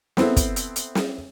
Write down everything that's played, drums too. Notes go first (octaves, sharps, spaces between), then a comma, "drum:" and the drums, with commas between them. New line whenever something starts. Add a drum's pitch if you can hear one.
B3 C4 E4 A4, drum: snare
drum: kick, hi-hat
drum: hi-hat
drum: hi-hat
drum: snare